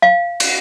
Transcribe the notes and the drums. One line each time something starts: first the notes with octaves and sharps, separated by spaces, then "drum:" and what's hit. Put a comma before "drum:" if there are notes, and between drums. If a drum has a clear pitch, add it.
F5
drum: cymbal